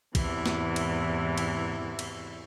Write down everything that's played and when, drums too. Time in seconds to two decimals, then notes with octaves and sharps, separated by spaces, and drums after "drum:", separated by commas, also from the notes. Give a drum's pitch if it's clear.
0.15 E2 G#2 C3 E3, drum: kick, cymbal
0.46 drum: snare
0.76 drum: cymbal
1.38 drum: cymbal
1.99 drum: cymbal